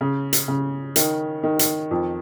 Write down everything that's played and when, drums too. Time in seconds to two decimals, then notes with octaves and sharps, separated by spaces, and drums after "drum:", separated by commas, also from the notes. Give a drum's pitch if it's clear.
0.01 C#3
0.33 drum: hi-hat
0.48 C#3
0.96 D#3, drum: hi-hat
1.43 D#3
1.59 drum: hi-hat
1.91 F2